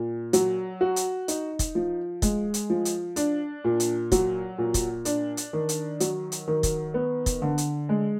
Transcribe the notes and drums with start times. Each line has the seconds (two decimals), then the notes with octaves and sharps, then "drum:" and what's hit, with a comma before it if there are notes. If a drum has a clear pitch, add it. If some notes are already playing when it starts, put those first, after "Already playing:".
Already playing: A#2
0.33 F#3, drum: hi-hat
0.81 F#4
0.96 drum: hi-hat
1.28 D#4, drum: hi-hat
1.59 drum: kick, hi-hat
1.75 F3
2.22 G#3, drum: kick, hi-hat
2.54 drum: hi-hat
2.70 F3
2.85 drum: hi-hat
3.16 D4, drum: hi-hat
3.64 A#2
3.80 drum: hi-hat
4.12 F#3, drum: kick, hi-hat
4.58 A#2
4.74 drum: kick, hi-hat
5.05 D4, drum: hi-hat
5.37 drum: hi-hat
5.53 D#3
5.69 drum: hi-hat
6.00 F#3, drum: hi-hat
6.32 drum: hi-hat
6.48 D#3
6.63 drum: kick, hi-hat
6.94 B3
7.26 drum: kick, hi-hat
7.42 D3
7.58 drum: hi-hat
7.89 G#3